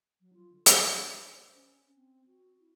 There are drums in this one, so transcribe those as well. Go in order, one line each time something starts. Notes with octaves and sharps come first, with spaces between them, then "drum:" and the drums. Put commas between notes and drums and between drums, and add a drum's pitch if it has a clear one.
F#3
F4
D3
D3, drum: hi-hat
D4
D5
C5
C#4
C4
F#4
E4